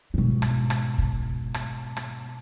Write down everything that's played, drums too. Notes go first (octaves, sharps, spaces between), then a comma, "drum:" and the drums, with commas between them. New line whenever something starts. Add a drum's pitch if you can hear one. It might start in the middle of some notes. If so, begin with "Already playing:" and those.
G#2 B2
drum: rim click
drum: rim click
drum: kick
drum: rim click
drum: rim click